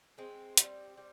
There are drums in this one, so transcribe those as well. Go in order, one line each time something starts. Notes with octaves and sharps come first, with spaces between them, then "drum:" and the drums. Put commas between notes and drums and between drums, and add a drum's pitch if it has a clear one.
G#3 C4
G3, drum: hi-hat
G3